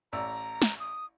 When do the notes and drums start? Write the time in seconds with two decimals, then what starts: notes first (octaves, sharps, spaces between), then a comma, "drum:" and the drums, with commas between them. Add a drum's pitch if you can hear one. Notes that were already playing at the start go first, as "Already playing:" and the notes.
0.13 A1 D5 A#5 E6
0.62 drum: snare
0.80 D#6